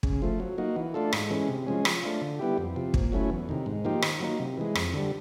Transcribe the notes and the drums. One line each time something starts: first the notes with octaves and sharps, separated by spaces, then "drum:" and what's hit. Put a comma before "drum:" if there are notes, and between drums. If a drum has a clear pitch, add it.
C#3, drum: kick
F3 A3
F#3
A#3 D#4 F#4
E3
A3 D4 F4 A4
G#2, drum: rim click
E3 G#3 C#4
C3
F3 G#3 C#4
F3, drum: rim click
A3 D4 F4
D3
G3 B3 E4 G4
F2
C3 F3
A#2, drum: kick
F#3 A3 C#4 E4
E2
C3 D#3
G#2
F3 A#3 D#4 G4
D#3, drum: rim click
F#3 A#3 D#4
C3
E3 G#3
F2, drum: rim click
D3 G3